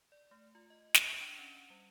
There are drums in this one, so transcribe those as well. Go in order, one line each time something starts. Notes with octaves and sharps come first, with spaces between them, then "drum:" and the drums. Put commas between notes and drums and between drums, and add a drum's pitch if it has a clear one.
D5
A3
F4
D#5
E5, drum: snare
D4
C#4
G3